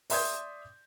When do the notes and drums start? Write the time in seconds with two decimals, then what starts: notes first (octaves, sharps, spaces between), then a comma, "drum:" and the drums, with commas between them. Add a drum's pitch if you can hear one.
0.10 D5 E5 C6 D#6 G6 G#6, drum: open hi-hat